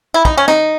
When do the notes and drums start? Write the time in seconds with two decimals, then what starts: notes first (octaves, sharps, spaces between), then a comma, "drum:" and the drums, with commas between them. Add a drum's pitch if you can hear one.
0.14 E4
0.25 D#4, drum: kick
0.37 C#4
0.48 D#4, drum: snare